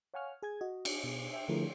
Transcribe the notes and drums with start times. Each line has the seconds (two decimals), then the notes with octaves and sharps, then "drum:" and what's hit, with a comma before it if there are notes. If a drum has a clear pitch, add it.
0.14 C#5 F5 F#5 G#5 C#6 F6
0.43 G#4 G#5 G#6
0.61 F#4 D#5
0.85 drum: cymbal
1.04 B2
1.33 E5 G5
1.48 D3 F3 A3 E4 G#4 A#4